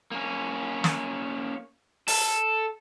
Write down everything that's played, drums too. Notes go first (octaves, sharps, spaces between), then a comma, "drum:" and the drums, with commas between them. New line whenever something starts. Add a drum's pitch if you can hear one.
A#3 C#4
drum: snare
A4, drum: open hi-hat